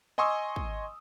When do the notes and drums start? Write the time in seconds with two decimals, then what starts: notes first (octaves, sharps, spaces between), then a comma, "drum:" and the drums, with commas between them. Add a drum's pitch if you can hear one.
0.18 D#5 G#5 C6 C#6 D#6 E6
0.56 drum: kick